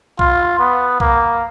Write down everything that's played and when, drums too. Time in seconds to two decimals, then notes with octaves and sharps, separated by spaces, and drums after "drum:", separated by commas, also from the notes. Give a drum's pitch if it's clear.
0.19 F4, drum: kick B1
0.59 B3
1.00 A#3, drum: kick B1